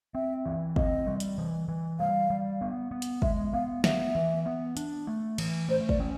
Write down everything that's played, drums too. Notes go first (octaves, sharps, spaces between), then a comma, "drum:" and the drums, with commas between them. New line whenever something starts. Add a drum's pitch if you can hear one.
C4 E5
E3
C4 D#5, drum: kick
G3
drum: hi-hat
E3
E3
G3 F5
G3
B3
B3
drum: hi-hat
G#3 E5, drum: kick
B3 F5
B3 E5, drum: snare
E3
B3
D4, drum: hi-hat
A3
E3, drum: cymbal
A3 C5
D5, drum: kick
C#4